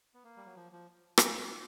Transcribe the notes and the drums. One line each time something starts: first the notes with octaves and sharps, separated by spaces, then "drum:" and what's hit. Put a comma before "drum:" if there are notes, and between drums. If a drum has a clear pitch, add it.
B3
A#3
G3
F#3
F3
F3
drum: rim click